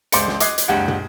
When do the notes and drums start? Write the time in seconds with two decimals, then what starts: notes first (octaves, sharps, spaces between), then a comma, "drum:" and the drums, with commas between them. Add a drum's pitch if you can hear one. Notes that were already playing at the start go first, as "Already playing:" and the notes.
0.12 C#2 C5 D5 C6 C#7, drum: hi-hat
0.27 drum: snare
0.40 D#5 D6 D#6 F#6 G#6 C7, drum: hi-hat
0.58 drum: hi-hat
0.68 F#1 C#2 D4 G4 F#5 G#6
0.88 drum: tom